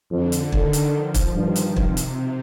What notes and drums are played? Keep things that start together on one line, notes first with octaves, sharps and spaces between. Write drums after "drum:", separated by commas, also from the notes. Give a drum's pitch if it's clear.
F2 D3
drum: hi-hat
D3 D#3, drum: kick
drum: hi-hat
F3
drum: kick, hi-hat
G2 D#3
drum: hi-hat
C3, drum: kick
drum: hi-hat